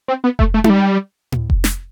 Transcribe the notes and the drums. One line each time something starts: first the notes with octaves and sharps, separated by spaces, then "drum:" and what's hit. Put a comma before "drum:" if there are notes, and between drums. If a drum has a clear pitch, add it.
C4
B3
A3, drum: kick F1
A3
A3, drum: tom D#4
G3
drum: tom A2
drum: kick F1
drum: snare